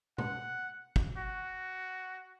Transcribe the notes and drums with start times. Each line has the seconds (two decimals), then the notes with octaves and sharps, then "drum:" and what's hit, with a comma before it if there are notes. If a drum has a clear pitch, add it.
0.18 F#5, drum: tom B2
0.96 drum: kick
1.17 F#4